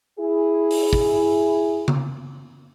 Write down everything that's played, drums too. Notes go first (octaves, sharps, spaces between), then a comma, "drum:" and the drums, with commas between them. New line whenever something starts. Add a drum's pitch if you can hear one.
E4 G#4
drum: open hi-hat
drum: kick
drum: tom C#3